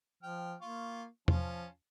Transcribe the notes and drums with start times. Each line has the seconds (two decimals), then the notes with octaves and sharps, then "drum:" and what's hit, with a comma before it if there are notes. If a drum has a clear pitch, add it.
0.23 F3 G5 F6
0.61 A#3 F4 C#6
1.28 F3 C#4 F4 A5, drum: tom E2